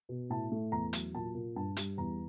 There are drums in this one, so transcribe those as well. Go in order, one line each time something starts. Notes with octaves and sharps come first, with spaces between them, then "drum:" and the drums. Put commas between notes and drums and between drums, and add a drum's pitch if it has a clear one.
B2
A2 A5
A3
E2 A#5
F#3, drum: hi-hat
A#2 A5
A#2
G2 A5
G3, drum: hi-hat
E2 A#5